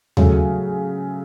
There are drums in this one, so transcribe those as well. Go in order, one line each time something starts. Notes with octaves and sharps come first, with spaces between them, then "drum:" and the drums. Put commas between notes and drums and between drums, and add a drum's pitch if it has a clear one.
C#3 F#3 A3, drum: tom D#2